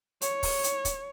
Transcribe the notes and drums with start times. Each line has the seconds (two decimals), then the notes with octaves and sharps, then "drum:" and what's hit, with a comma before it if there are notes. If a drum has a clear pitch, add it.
0.22 C#5, drum: hi-hat
0.43 drum: kick, open hi-hat
0.64 drum: hi-hat
0.85 drum: kick, hi-hat